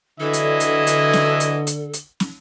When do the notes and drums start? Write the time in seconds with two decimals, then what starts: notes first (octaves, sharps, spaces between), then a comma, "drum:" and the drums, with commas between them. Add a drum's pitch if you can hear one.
0.20 D3 E3 F#3 E4 A4 D#5
0.33 drum: hi-hat
0.60 drum: hi-hat
0.87 drum: hi-hat
1.13 drum: snare
1.40 drum: hi-hat
1.67 drum: hi-hat
1.93 drum: hi-hat
2.20 drum: snare